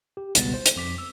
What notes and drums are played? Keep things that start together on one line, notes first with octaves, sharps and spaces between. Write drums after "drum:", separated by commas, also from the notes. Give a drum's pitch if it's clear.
G4
G#1 C#2 B2 G3 B3 A6, drum: hi-hat
C5
drum: hi-hat
F2 D6 B6
E6